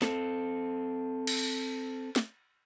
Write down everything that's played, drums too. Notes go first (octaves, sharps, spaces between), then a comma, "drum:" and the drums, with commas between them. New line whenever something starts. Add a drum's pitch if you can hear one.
C4 A4, drum: snare
drum: cymbal
drum: snare